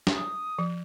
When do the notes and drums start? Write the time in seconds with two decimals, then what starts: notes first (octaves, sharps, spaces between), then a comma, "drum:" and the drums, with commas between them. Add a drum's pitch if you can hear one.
0.07 drum: snare
0.16 D#6
0.59 F3